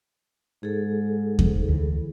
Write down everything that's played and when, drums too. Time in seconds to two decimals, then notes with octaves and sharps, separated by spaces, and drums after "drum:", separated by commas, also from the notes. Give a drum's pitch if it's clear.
0.63 G#2 G#4 A4
1.39 drum: kick E2
1.68 D2 E3